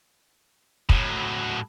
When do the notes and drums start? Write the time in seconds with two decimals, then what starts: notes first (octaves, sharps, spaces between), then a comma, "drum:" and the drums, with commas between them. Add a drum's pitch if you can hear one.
0.89 A2 F#3, drum: kick